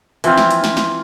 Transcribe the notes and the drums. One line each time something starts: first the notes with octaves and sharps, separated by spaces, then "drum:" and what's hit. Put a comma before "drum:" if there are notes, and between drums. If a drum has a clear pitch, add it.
E3 F3 C4 F4, drum: hi-hat
drum: snare
drum: hi-hat
drum: snare
drum: snare